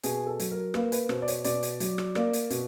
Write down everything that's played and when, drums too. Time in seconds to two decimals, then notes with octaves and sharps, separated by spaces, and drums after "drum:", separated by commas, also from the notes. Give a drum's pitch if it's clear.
0.03 B2 G#4, drum: hi-hat
0.27 A4
0.40 F#3, drum: hi-hat
0.51 A#4
0.74 A#3 B4, drum: rim click
0.92 B4, drum: hi-hat
1.09 B2 C5, drum: rim click
1.22 D5
1.28 C#5, drum: hi-hat
1.44 B2 D5, drum: hi-hat
1.63 drum: hi-hat
1.80 F#3, drum: hi-hat
1.98 drum: rim click
2.15 A#3 D5, drum: rim click
2.33 drum: hi-hat
2.50 B2, drum: hi-hat